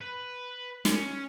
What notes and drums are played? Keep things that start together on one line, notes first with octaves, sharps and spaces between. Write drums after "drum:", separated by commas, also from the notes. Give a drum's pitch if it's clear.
B4
C#4, drum: snare